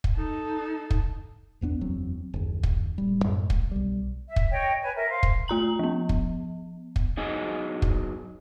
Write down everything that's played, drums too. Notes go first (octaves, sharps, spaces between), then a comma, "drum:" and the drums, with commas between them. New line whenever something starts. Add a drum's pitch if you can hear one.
drum: kick
D#4 A4
drum: kick
F#1 E2 B3 D4
F#1 E2 F#3 C4
F#1 D#2
drum: kick
D1 G3
F#2 A2 G#3
drum: kick
B1 G3
E5
drum: kick
C#5 D#5 G5
B4 C#5 G#5
A#4 E5
C5 F5
drum: kick
A3 F4 A#5 F#7
F3 B3
drum: kick
drum: kick
F#3 B3 D#4 G#4 D#5 G#5
drum: kick